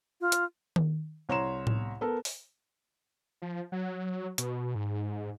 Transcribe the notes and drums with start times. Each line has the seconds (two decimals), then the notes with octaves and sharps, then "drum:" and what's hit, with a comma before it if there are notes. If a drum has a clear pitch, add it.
0.21 F4
0.32 drum: hi-hat
0.76 drum: tom D#3
1.29 C2 C#5 A#5 C6 E7
1.67 drum: tom A2
2.01 B3 A4 A#4
2.25 drum: open hi-hat
3.42 F3
3.72 F#3
4.38 B2, drum: hi-hat
4.75 G#2